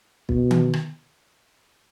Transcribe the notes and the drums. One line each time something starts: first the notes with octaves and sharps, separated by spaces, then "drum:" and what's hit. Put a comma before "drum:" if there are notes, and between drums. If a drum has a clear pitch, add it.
B2, drum: kick
drum: tom D#3
drum: rim click